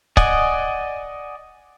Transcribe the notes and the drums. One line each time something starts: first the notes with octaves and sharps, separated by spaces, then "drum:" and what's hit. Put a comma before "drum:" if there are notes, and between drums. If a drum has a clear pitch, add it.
D5 D#5 F#5 G#5, drum: kick